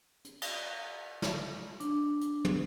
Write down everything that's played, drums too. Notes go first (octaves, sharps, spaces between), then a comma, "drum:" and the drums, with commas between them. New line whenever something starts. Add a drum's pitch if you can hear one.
drum: hi-hat
drum: cymbal
drum: snare
D4, drum: hi-hat
drum: hi-hat
drum: tom